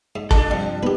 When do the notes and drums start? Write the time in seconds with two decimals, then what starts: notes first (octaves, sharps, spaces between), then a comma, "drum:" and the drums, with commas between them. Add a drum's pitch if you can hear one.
0.16 G#2
0.31 A#2 G3 D4 A4, drum: kick
0.51 G2 C3 F3 F5
0.83 A#3 B3 D#4 G4 B4